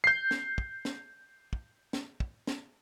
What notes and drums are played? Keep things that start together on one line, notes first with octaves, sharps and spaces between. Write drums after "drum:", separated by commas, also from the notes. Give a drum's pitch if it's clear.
G6 C7
drum: snare
drum: kick
drum: snare
drum: kick
drum: snare
drum: kick
drum: snare